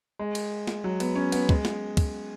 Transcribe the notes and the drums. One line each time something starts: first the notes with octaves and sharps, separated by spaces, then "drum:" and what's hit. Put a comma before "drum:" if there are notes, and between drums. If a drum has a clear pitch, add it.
G#3
drum: cymbal
drum: snare
F#3
B3, drum: cymbal
C#4
B3, drum: cymbal
G#3, drum: kick
drum: snare
drum: kick, cymbal